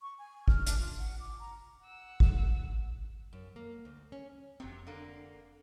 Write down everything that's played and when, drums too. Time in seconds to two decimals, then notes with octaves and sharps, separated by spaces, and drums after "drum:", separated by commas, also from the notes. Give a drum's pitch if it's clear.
0.01 C#6
0.18 G#5
0.48 F6, drum: kick G#1
0.67 D4, drum: hi-hat
0.79 F4
0.98 F#5
1.20 D6
1.39 A#5
1.84 F#5 E6
2.20 drum: kick G#1
3.33 F#2
3.56 A#3
3.85 D2
4.12 C#4
4.60 F1 C3 F#3 C4
4.87 D3 A#3